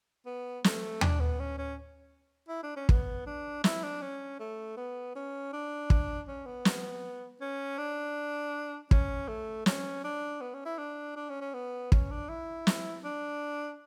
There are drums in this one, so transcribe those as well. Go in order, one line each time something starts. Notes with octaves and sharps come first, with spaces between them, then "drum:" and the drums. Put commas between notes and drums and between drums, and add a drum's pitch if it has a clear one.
B3
A3, drum: snare
D4, drum: tom D#2
B3
C#4
C#4
E4
D4
C#4
B3, drum: kick
D4
E4, drum: snare
D4
C#4
A3
B3
C#4
D4
drum: kick
C#4
B3
drum: snare
C#4
D4
C#4, drum: kick
A3
C#4, drum: snare
D4
B3
C#4
E4
D4
D4
C#4
C#4
B3
C#4, drum: kick
D4
E4
drum: snare
D4